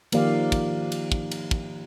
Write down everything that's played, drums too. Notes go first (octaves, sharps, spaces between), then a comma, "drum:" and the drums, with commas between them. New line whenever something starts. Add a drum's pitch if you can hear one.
D#3 F3 A#3 G4 D5 F5, drum: cymbal
drum: kick, cymbal
drum: cymbal
drum: kick
drum: cymbal
drum: kick